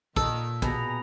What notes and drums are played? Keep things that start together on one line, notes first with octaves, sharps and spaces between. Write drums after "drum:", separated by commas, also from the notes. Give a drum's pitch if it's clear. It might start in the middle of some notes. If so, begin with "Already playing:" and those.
A#2 D#3 A4, drum: kick
B2 G#4 D#5 A#5, drum: kick